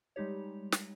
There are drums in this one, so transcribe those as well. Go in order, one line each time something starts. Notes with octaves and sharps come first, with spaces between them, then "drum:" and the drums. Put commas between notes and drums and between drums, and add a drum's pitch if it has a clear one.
G3 G#3 D#4 G4 C#5
drum: snare